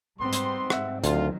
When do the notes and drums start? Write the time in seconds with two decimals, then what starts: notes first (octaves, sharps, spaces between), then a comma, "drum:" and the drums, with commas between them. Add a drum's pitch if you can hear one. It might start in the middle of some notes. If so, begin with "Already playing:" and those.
0.20 G#2 G3 B3 C4 C6
0.33 drum: hi-hat
0.70 E5 F#5, drum: rim click
1.04 D2 D#3 F#3 F4, drum: hi-hat